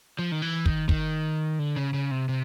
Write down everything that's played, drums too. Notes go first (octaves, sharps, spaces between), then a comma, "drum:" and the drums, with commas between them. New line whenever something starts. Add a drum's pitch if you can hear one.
F3
D#3
E3
D#3, drum: kick
D#3, drum: kick
D3
C#3
C#3
C3
C3